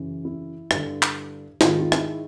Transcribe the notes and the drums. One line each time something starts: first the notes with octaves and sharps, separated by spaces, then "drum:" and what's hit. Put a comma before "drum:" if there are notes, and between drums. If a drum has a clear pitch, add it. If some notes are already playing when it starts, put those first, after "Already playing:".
Already playing: F#2 C#3 E3
E4
G2 D3, drum: rim click
drum: clap
G#2 D#3 F4, drum: snare
F4
E4, drum: rim click